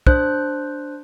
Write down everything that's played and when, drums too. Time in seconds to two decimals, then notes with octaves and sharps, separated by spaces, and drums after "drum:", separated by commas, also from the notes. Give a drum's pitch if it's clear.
0.07 D4 C5 F#6, drum: kick